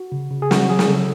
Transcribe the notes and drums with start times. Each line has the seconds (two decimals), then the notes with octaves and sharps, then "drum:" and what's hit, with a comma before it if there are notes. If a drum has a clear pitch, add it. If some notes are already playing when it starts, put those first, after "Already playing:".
Already playing: F#4
0.12 C#3
0.31 C#3
0.42 G#4
0.51 F#3 F#4, drum: snare
0.69 F#3 G#4
0.79 drum: snare
0.88 C#3 A4